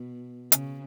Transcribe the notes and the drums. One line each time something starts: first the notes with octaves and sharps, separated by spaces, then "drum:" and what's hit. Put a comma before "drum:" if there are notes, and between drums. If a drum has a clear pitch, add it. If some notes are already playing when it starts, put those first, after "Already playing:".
Already playing: B2
C#3, drum: hi-hat